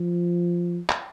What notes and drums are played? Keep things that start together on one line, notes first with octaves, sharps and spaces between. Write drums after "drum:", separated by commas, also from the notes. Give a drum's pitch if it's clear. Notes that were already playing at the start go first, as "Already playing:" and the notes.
Already playing: F3
drum: clap